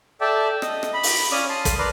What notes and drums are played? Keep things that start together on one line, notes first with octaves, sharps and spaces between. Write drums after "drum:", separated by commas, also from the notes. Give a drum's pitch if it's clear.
A4 D5 E5 G5
D#5, drum: rim click
drum: rim click
B5
drum: open hi-hat
C#4 D5 F5 D#6
A5 C6 D#6
drum: kick, hi-hat
A#4 B4 D5 C6